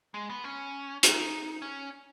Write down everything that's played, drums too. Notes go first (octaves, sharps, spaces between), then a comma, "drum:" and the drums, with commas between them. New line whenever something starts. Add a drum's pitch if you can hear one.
G#3
B3
C#4
D#4, drum: hi-hat
C#4